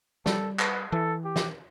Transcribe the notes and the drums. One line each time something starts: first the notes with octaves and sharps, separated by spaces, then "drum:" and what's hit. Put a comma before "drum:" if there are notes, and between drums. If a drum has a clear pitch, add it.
G3 A4, drum: snare
B4, drum: clap
E3 A4
G4
drum: snare